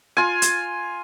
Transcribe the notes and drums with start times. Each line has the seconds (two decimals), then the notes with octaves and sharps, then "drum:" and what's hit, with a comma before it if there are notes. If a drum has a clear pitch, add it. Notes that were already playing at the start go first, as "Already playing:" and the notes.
0.17 F4 G#5
0.42 drum: hi-hat